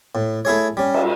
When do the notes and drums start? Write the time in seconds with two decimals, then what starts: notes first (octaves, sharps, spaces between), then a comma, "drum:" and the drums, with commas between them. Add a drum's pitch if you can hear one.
0.15 A2
0.45 A3 E4 G#4 C#5
0.77 G3 C#4
0.94 drum: cymbal